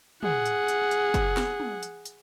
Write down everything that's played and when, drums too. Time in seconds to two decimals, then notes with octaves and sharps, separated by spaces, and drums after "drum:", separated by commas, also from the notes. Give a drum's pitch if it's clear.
0.23 G#4 F#5, drum: tom
0.46 drum: hi-hat
0.68 drum: hi-hat
0.91 drum: hi-hat
1.14 drum: kick F#1, hi-hat
1.37 drum: snare
1.60 drum: tom
1.83 drum: hi-hat
2.06 drum: hi-hat